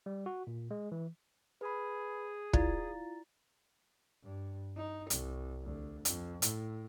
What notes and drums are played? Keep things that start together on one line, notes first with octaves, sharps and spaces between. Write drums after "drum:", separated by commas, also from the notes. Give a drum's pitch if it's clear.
G3
F#4
A#2
G#3
E3
G#4 B4 B5
E4 F4 D5 A#5 A6, drum: kick
G2
D#4
C2, drum: hi-hat
D2
F2, drum: hi-hat
A2, drum: hi-hat